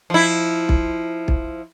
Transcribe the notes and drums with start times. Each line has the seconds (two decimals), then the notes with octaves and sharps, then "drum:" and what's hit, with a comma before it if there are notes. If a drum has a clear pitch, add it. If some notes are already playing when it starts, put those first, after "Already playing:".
0.10 F3 E4
0.69 drum: kick
1.28 drum: kick